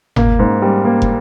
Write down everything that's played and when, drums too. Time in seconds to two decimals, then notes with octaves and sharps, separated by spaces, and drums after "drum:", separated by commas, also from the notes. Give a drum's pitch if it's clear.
0.16 A#3, drum: tom G1
0.39 G#2
0.62 G3
0.85 A#3
1.02 drum: kick